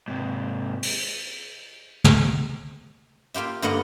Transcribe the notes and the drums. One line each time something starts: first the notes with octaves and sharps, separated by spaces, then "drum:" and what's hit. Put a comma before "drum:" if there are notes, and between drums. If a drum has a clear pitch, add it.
G#2 C3
drum: open hi-hat
G5, drum: tom
A#3 F4 G4 E5
G2 D3 A#3 B3 D#5 F#5